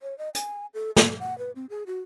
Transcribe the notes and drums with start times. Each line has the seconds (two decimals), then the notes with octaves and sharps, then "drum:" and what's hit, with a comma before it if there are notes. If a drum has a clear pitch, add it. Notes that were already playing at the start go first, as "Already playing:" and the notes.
0.01 C#5
0.18 D#5
0.35 G#5, drum: hi-hat
0.74 A4
0.96 A4, drum: snare
1.19 F#5
1.38 B4
1.56 C4
1.70 G#4
1.87 F#4